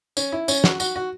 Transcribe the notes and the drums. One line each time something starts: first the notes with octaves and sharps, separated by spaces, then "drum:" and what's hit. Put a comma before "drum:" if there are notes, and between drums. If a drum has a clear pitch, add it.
C#4, drum: tambourine
E4
C#4, drum: tambourine
F#4, drum: snare
F#4, drum: tambourine
F#4